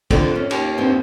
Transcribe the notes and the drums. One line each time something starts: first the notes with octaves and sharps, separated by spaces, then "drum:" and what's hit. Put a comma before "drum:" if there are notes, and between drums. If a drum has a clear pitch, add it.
F2 D3 G3 D5, drum: kick, cymbal
C#4
D#2, drum: cymbal
E2 G2 C4